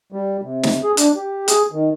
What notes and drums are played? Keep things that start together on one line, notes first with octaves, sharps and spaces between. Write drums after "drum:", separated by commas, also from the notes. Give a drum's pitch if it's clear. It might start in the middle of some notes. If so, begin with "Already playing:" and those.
G3
C3
drum: snare
G#4
D4, drum: hi-hat
G4
G#4, drum: hi-hat
D#3